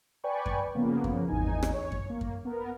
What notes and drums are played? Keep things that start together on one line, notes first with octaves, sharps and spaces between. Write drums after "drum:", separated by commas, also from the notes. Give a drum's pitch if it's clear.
B4 D5 G5 G#5 B5 C#6
drum: kick F#2
C#3 F3 A#3 B3
drum: kick F#2
G#1 E2 D#4 G#5
drum: rim click
C#5
drum: kick F#2
A#3
drum: kick F#2
B3 A#4